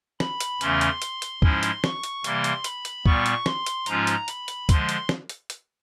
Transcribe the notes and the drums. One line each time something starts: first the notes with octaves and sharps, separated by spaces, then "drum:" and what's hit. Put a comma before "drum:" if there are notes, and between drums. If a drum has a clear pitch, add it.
B5, drum: snare
drum: hi-hat
E2 C#3 E3 A3 C#4 C6, drum: hi-hat
drum: hi-hat
drum: hi-hat
drum: hi-hat
G#2 F3 G#3 C#4 E4, drum: kick C#2
drum: hi-hat
C#6, drum: snare
drum: hi-hat
C3 E3 G3 A#3 C6, drum: hi-hat
drum: hi-hat
B5, drum: hi-hat
drum: hi-hat
A#2 G3 B3 C#6, drum: kick C#2
drum: hi-hat
C6, drum: snare
drum: hi-hat
G#2 F3 G#3 C#4 F4 A#5, drum: hi-hat
drum: hi-hat
B5, drum: hi-hat
drum: hi-hat
D3 F3 G#3 C6, drum: kick C#2, hi-hat
drum: hi-hat
drum: snare
drum: hi-hat
drum: hi-hat